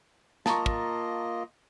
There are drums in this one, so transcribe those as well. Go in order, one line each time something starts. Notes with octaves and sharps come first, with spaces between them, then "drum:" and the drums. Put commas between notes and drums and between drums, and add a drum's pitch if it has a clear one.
A#3 F4 D#5 A5 A#5 C#6, drum: snare
drum: kick